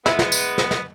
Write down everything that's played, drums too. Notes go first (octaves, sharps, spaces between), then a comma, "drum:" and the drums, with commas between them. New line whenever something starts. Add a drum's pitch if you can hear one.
G#3 B3 E4, drum: snare
drum: snare
drum: tambourine
drum: snare
drum: snare